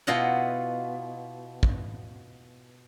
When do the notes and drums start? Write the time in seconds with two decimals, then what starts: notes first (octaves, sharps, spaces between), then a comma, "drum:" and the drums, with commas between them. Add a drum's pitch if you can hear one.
0.07 B2 E4 F4 D#5 F#5
1.63 drum: kick